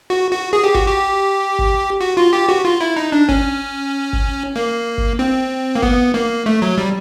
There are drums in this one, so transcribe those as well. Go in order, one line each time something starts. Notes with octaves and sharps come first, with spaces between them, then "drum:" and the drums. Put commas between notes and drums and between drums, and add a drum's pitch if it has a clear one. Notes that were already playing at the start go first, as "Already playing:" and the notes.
F#4
F#4
G#4
G4
F#4, drum: kick G1
G4
drum: kick G1
F#4
F4
G4
F#4
F4
E4
D#4
D4
C#4, drum: kick G1
drum: kick G1
A#3
drum: kick G1
C4
A#3
B3, drum: kick G1
A#3
A3
F#3
G3